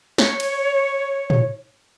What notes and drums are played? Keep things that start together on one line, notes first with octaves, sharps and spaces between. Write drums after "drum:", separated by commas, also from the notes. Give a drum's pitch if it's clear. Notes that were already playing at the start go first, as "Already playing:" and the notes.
C#5, drum: snare
drum: cymbal
drum: tom